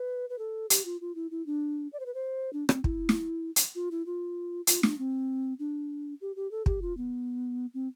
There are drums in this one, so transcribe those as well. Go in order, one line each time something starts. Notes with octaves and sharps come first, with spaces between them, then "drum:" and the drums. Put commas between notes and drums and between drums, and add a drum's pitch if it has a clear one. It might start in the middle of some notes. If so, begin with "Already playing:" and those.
Already playing: B4
B4
A4
G4, drum: hi-hat
F4
F4
E4
E4
D4
D5
C5
B4
C5
D4
C4, drum: rim click
E4, drum: kick
drum: snare
drum: hi-hat
F4
E4
F4
F4, drum: hi-hat
D4, drum: snare
C4
D4
G4
G4
A4
G4, drum: kick
F4
B3
C4